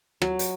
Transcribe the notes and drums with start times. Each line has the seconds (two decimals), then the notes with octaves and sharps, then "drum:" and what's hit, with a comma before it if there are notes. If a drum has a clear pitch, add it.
0.22 F#3, drum: rim click
0.39 drum: hi-hat